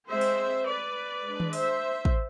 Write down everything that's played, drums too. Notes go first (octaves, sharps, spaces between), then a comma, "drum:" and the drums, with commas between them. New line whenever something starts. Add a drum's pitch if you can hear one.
G#3 C4 C5 E5
drum: open hi-hat
B4 D5
G#3 D4
drum: tom D#3
C5 E5, drum: open hi-hat
drum: kick